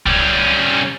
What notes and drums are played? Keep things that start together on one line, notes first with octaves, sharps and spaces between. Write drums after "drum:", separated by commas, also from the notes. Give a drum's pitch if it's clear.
G3 C#4, drum: kick C2